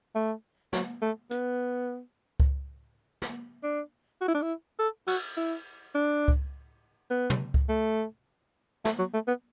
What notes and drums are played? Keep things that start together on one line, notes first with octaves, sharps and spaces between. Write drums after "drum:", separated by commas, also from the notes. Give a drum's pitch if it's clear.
A3
F#3, drum: snare
A3
B3, drum: hi-hat
drum: kick C#2
drum: snare
D4
F#4
E4
D4
E4
A4
F#4, drum: cymbal
E4
D4
drum: kick C#2
B3
drum: tom
drum: kick C#2
A3
A3, drum: snare
F#3
A3
B3